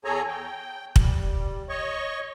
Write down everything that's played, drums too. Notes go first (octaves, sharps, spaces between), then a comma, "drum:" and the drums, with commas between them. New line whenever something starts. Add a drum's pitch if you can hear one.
E2 G#4 A4 C#5 G#5 A#5
G5
G3, drum: kick
C#5 D#5 C#6